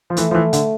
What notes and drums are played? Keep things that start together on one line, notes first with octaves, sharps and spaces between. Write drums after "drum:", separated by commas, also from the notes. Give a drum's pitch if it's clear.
F3
E3 A3, drum: hi-hat
F3
E3
D3, drum: hi-hat